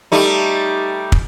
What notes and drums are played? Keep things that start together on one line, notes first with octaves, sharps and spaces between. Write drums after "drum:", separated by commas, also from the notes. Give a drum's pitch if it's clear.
G3 A3 D#4
drum: kick